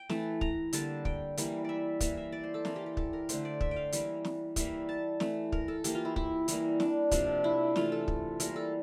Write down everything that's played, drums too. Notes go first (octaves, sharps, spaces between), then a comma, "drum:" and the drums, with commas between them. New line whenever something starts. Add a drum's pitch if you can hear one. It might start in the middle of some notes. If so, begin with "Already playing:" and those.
Already playing: G5
E3 A3 A5, drum: snare
A#5, drum: kick
D3 G3 A#3 A5, drum: hi-hat
G5, drum: kick
E3 G3 A#3, drum: hi-hat
D5 E5
E3 A#3 E5, drum: kick, hi-hat
E5
D5
C5
A4
E3 A#3, drum: snare
G4
G4
A4, drum: kick
A#4
D3 A3 C5, drum: hi-hat
D5
E5, drum: kick
G5
F5
E3 G3 A#3, drum: hi-hat
drum: snare
E3 G3 A#3 E5, drum: kick, hi-hat
A5
E3 A3, drum: snare
A#4, drum: kick
A4
E3 A#3 G4, drum: hi-hat
F4
E4
E4, drum: kick
E3 G3 A#3, drum: hi-hat
D4, drum: snare
C3 F3 A#3 D4, drum: kick, hi-hat
E4
E3 A3 F4, drum: snare
A4
drum: kick
E3 G3 A#3 A#4, drum: hi-hat
A4